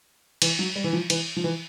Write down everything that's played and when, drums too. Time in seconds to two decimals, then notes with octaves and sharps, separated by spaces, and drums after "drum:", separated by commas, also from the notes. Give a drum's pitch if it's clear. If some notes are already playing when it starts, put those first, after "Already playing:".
0.42 E3, drum: cymbal
0.59 F#3
0.76 G3
0.84 E3
0.93 F3
1.10 E3, drum: cymbal
1.36 F3
1.44 E3